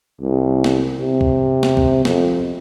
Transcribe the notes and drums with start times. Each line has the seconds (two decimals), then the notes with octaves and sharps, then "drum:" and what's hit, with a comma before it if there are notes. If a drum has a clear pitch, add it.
0.21 C2
0.64 drum: snare
0.99 C3
1.21 drum: kick C2
1.63 drum: snare
1.77 drum: kick C2
2.05 F2, drum: snare